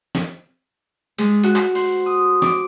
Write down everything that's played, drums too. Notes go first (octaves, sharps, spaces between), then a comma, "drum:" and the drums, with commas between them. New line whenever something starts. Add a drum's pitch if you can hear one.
drum: snare
G#3, drum: cymbal
F#4, drum: hi-hat
drum: clap
C5, drum: open hi-hat
D#6
D6, drum: snare